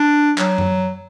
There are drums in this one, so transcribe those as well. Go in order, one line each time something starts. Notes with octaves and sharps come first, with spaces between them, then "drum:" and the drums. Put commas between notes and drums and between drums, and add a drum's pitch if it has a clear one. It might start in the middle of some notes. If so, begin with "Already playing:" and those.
Already playing: D4
F#3, drum: clap
drum: tom F#2